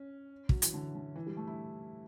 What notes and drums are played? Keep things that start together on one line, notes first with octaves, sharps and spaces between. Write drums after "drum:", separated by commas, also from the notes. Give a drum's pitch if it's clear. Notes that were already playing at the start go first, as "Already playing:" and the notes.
Already playing: C#4
F#3, drum: kick
E3, drum: hi-hat
D3
D3
E3
G3
A3
E4